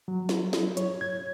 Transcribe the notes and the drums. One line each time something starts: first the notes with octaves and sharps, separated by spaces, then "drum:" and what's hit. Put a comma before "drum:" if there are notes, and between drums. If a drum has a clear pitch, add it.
F#3
drum: snare
drum: snare
C#5, drum: hi-hat
G#6